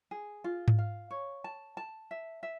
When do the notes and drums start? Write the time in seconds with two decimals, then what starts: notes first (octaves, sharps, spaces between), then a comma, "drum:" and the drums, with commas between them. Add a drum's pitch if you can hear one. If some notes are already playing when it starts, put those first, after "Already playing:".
0.11 G#4
0.44 F4
0.68 drum: tom G#2
0.78 F5
1.11 C#5
1.44 A5
1.77 A5
2.11 E5
2.43 E5